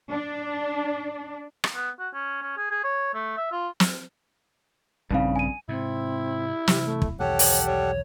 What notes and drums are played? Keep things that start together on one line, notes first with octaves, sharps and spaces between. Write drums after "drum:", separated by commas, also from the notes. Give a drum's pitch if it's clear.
D4
drum: rim click
B3
F#4
C#4
C#4
G#4
G#4
C#5
A3
E5
F4
drum: snare
A#1 G2 A#2 C#3 C4 D#4 F5
G#5 D#7
G#2 C3 C4 E4
C3 E3 G3 G4, drum: snare
A3
drum: kick
B1 E2 D#3 G4 A4 C#5 F#5
drum: open hi-hat
G3 C#5